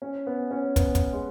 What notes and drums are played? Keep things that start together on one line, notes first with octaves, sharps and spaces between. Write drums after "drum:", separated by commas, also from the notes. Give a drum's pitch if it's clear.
C#4
B3
C#4
B3, drum: kick, hi-hat
drum: kick, hi-hat
G#3